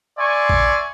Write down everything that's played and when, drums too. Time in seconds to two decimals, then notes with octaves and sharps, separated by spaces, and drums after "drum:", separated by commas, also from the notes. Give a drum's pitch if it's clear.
0.18 D5 E5 G#5 C6 C#6
0.49 drum: kick